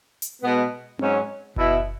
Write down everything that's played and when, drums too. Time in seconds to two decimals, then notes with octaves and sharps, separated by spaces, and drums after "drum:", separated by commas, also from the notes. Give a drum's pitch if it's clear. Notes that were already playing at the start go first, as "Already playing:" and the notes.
0.22 drum: hi-hat
0.42 B2 G#3 B3
0.99 G#2 F#3 C#4, drum: tom C4
1.56 B2 B3 E4, drum: kick F#1